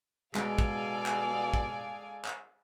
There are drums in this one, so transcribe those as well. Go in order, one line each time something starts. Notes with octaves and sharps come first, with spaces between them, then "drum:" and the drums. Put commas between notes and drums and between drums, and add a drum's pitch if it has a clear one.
B2 G#3 G#4 A4 D5 F5 G#5, drum: clap
drum: kick
drum: clap
drum: kick
drum: clap